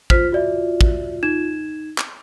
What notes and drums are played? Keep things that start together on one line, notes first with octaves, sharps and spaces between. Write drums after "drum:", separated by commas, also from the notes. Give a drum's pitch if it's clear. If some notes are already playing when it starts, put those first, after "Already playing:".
F4 C5 F6 B6, drum: kick
F#4 D5 E5
drum: kick
D#4 G#6 E7
drum: clap